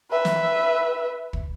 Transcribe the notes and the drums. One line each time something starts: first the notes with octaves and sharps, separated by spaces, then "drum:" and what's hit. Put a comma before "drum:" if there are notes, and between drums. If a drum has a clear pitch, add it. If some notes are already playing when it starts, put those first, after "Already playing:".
B4 E5
drum: snare
drum: kick